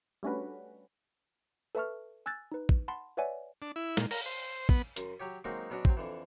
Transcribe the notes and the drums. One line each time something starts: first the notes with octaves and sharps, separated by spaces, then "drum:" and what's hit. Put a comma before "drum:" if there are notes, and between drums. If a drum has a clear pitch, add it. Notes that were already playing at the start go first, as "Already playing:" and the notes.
G3 A3 C#4 D4 F#4 B4
A4 B4 E5 A5 C#6 F6
G#5 E6 F#6 G#6 A6
D#4 B4
drum: kick
F#5 A5 B5 C6
B4 C#5 D5 E5 F#5 G#5
D4
E4
A#2, drum: snare
A#4, drum: cymbal
C5
B3, drum: kick
F#2 C6, drum: hi-hat
F#3 G4 C#5
F#3 G#3 A#3 C4 D#4 F#4
B2 F#3 C#4 D4 F#4
F#3 C4, drum: kick
F2 D3 E3